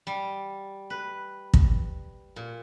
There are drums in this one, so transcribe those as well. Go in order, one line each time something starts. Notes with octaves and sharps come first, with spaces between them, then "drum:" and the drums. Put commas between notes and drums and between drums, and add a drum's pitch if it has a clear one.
G3
B4
drum: kick
A#2